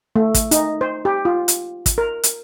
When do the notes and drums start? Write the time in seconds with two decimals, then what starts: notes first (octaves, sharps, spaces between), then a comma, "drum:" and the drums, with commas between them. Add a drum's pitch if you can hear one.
0.16 A3
0.34 drum: kick, hi-hat
0.51 D#4, drum: hi-hat
0.81 C5
1.05 G4
1.25 F4
1.48 drum: hi-hat
1.86 drum: kick, hi-hat
1.98 A#4
2.23 drum: hi-hat